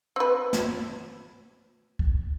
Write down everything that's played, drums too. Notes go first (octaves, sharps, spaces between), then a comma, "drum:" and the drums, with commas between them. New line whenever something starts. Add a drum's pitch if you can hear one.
C4 B4
drum: snare
drum: kick